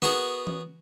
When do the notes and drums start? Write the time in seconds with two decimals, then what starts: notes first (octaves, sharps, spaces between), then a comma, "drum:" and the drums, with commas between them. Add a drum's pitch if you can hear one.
0.02 B3 F#4 G#4 A#4, drum: snare
0.47 drum: tom E3